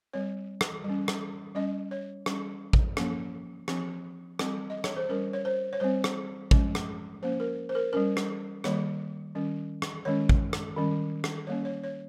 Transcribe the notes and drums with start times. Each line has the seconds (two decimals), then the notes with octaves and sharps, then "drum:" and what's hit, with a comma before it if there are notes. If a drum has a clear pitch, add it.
0.13 G3 C4 C#5
0.61 drum: rim click
0.84 G3
0.89 C#4
1.08 drum: rim click
1.55 G3 C#4 D#5
1.91 C#5
2.26 G3 C#4, drum: rim click
2.73 drum: kick A1
2.97 F3 A#3 C#4, drum: rim click
3.68 F3 C4, drum: rim click
4.39 G3 C4, drum: rim click
4.70 D#5
4.84 C#5, drum: rim click
4.97 C5
5.09 G3 C#4 A#4
5.33 C#5
5.45 C5
5.73 C#5
5.80 G3 C4 C5
6.04 drum: rim click
6.51 F3 G#3 C#4, drum: kick A1
6.75 drum: rim click
7.22 F3 A#3 C#4 C5
7.40 A#4
7.69 C5
7.75 A#4
7.93 G3 C#4 A#4
8.17 drum: rim click
8.64 D#3 G3 A#3 C#5, drum: rim click
9.35 D#3 G3 C#4
9.82 drum: rim click
10.05 D#3 G#3 C#4 C#5
10.29 drum: kick A1
10.53 drum: rim click
10.76 D#3 G3 C#4
11.24 drum: rim click
11.47 G3 A#3 C#4 C#5
11.65 C#5
11.84 C#5